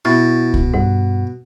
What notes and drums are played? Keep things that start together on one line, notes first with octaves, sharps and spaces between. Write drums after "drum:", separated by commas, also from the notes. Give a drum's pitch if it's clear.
B2 E4 C#6 A6
drum: kick C2
G2 F#5